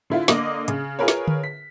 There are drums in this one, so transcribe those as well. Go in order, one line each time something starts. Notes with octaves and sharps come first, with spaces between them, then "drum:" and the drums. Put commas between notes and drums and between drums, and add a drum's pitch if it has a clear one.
D3 E4 F4
D3 A#3 D#5 D6 D#6 F#7, drum: snare
C#3, drum: hi-hat
F4 G#4 A#4 B4 C#5
drum: snare
drum: tom D3
B6